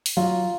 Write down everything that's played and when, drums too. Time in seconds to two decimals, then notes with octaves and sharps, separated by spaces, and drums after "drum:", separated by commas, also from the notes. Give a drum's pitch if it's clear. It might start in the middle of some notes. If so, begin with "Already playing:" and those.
0.06 drum: open hi-hat
0.17 F#3 F4